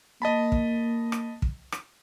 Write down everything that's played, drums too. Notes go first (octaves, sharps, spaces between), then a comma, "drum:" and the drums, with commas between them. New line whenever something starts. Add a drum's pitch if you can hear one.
A#3 D#5 A5 B5
drum: kick
drum: rim click
drum: kick
drum: rim click